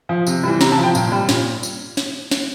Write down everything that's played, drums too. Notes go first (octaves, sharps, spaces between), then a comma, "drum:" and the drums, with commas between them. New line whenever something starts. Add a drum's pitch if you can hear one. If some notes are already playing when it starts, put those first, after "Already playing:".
F3
C3, drum: tambourine
E3 G3
C3 A#5, drum: snare
A5
F3
G5
A#2, drum: tambourine
G3
A#2, drum: snare
drum: tambourine
drum: snare
drum: snare